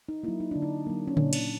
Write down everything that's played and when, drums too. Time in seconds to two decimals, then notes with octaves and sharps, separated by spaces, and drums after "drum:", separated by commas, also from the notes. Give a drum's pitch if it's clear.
0.09 D#4
0.23 F#3 A#3 E4
0.40 D#4
0.51 D3 D4
0.62 D#4
0.87 F#3 A#3
1.08 C#4
1.17 A#2 D4, drum: tom C#3
1.33 drum: cymbal